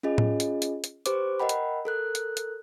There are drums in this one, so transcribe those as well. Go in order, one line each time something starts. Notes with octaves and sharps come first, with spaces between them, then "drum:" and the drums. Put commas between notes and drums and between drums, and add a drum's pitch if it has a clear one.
C#4 F4 G#4 D#5
drum: tom A2
drum: hi-hat
drum: hi-hat
drum: hi-hat
G4 B4 C5 D6, drum: hi-hat
A#4 D#5 F#5 G5 B5
drum: hi-hat
A4 A#4 F#6
drum: hi-hat
drum: hi-hat